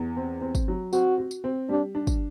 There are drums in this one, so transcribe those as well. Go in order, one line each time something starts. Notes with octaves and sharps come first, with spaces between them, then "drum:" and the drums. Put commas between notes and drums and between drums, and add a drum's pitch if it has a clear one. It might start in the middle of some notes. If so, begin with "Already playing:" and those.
Already playing: E2
C4
C4
drum: kick, tambourine
F#3
C4 F#4, drum: tambourine
F#4
drum: tambourine
C4
G3 D4
D4
drum: kick, tambourine